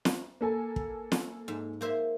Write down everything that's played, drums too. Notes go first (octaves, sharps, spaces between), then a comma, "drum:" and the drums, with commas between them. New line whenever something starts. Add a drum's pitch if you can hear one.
drum: snare
A#3 A4 G#5
drum: kick
drum: snare
G#2
A#3 C5 E5